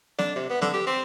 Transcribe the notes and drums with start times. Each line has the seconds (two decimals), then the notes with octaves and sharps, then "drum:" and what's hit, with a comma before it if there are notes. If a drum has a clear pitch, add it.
0.19 D4, drum: snare
0.36 C3
0.50 B3
0.62 D3, drum: snare
0.73 G4
0.87 C4